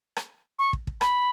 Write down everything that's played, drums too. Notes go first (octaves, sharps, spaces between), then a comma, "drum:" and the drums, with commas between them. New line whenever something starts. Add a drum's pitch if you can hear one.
drum: rim click
C#6
drum: kick
drum: kick
B5, drum: rim click